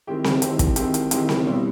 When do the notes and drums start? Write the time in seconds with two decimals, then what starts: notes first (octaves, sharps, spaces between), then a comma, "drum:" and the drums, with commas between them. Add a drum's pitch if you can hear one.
0.07 D#3 G#3 C4 E4 G4
0.24 drum: snare C4
0.42 D#3 G#3 C4 E4 G4, drum: hi-hat
0.59 drum: kick, hi-hat
0.76 D#3 G#3 C4 E4 G4, drum: hi-hat
0.94 drum: hi-hat
1.11 D#3 G#3 C4 E4 G4, drum: hi-hat
1.29 drum: snare C4
1.46 B2 G3 C4 E4